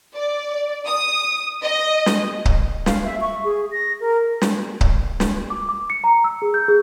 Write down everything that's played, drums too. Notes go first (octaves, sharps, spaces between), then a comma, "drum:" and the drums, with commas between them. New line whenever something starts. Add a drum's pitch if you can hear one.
D5
D#6
D#5
drum: snare
drum: kick C#1
F5, drum: snare
E5
C#6
G#4
A#6
A#4
drum: snare
drum: kick C#1
drum: snare
D6
D6
C#7
A#5
E6
G#4
G6
G#4